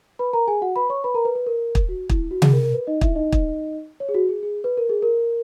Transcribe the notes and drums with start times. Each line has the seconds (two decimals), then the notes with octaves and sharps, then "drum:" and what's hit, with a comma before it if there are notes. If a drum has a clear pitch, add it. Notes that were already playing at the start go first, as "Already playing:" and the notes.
0.19 B4 B5
0.33 A#4 A#5
0.47 G#4 G#5
0.62 F#4 F#5
0.76 B4 B5
0.90 C#5 C#6
1.04 B4 B5
1.15 A#4 A#5
1.25 B4
1.35 B4
1.46 A#4
1.75 drum: kick
1.89 F#4
2.09 E4, drum: kick
2.31 F#4
2.42 G#4, drum: tom C3
2.53 A#4
2.63 A#4
2.74 B4
2.87 D#4 D#5
3.01 E4 E5, drum: kick
3.15 D#4 D#5
3.32 drum: kick
4.00 C#5
4.09 G#4
4.14 F#4
4.29 G#4
4.43 G#4
4.64 B4
4.77 A#4
4.89 G#4
5.02 A#4